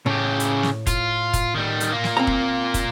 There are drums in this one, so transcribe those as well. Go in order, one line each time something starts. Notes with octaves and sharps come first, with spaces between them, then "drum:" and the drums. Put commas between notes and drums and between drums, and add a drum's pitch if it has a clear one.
A2 C#3 G4
drum: hi-hat
drum: snare
F4, drum: kick, hi-hat
drum: kick, hi-hat
D#3 G3
drum: hi-hat
A#2 A#3
drum: snare
C4 A#5
drum: kick
drum: kick, hi-hat